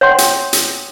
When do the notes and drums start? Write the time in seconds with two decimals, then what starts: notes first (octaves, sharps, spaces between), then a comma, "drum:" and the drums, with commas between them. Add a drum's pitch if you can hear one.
0.01 C#5 F#5 G5 C6
0.18 drum: hi-hat
0.53 drum: hi-hat